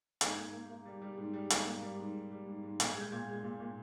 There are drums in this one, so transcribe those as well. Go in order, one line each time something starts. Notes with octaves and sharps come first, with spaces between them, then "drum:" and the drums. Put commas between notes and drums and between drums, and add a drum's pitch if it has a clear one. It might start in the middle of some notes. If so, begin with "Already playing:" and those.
G#2 G6, drum: hi-hat
G#6
A#3 G6
A#3
A#3
G3
G3
G#2
G3
G#2, drum: hi-hat
A#3
G3
G#2
G#2
G3
G#2
G#2
A#2, drum: hi-hat
G#3 G#6
G6
A#2 G#6
G#3
A#2
A#2